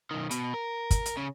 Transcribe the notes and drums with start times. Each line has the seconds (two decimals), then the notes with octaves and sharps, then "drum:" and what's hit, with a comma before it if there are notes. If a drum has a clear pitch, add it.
0.11 B1 D#3
0.31 B2, drum: hi-hat
0.54 A#4
0.91 drum: kick, hi-hat
1.06 drum: hi-hat
1.17 C#3